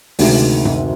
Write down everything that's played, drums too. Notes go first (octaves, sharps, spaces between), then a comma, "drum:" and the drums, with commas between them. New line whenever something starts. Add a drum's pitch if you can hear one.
D2 C3 D#3 G#3, drum: open hi-hat
drum: tom F#2